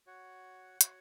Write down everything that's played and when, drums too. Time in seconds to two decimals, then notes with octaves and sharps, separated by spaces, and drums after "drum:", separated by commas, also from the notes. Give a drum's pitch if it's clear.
0.07 F#4 C#5 F#5
0.81 F#4 C#5 F#5, drum: hi-hat